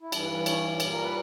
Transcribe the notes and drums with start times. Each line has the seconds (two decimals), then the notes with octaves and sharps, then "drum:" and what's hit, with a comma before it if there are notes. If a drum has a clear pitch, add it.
0.01 E4
0.12 G2 E3 G3 D4, drum: cymbal
0.24 B4
0.35 B4
0.46 C#5, drum: cymbal
0.80 A#2 G3, drum: cymbal
0.91 A#4
1.03 B4